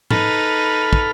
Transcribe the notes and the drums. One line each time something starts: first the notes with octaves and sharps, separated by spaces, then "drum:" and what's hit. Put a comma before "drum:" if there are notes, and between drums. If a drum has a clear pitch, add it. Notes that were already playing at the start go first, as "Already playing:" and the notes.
D#4 A4 B4 B5 F6, drum: tom G#2
drum: kick